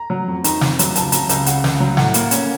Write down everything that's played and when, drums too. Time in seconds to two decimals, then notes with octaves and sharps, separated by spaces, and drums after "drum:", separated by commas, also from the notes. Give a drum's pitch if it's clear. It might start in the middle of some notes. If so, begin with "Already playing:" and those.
Already playing: A#5
0.10 F#3
0.28 F2
0.44 D#3 A#5, drum: hi-hat
0.61 F2, drum: snare
0.79 F#3, drum: hi-hat
0.95 C#2 A5, drum: hi-hat
1.12 F#3 A#5, drum: hi-hat
1.29 C#2 A#5, drum: hi-hat
1.46 C#3 F#5, drum: hi-hat
1.64 C#2, drum: snare
1.80 F#3
1.97 A2 F#5, drum: snare
2.14 A#3, drum: hi-hat
2.31 C#4, drum: hi-hat